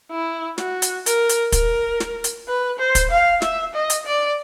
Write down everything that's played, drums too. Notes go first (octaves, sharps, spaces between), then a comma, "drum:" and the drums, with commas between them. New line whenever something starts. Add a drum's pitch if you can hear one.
E4
F#4, drum: snare
drum: hi-hat
A#4, drum: hi-hat
drum: hi-hat
A#4, drum: kick, hi-hat
drum: snare
drum: hi-hat
B4
C5
drum: kick, hi-hat
F5
E5, drum: snare
D#5
drum: hi-hat
D5